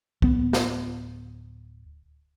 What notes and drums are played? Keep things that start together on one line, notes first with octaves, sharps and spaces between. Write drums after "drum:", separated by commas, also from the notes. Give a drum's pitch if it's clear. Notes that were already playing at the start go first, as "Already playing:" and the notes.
D1 B3, drum: kick
drum: snare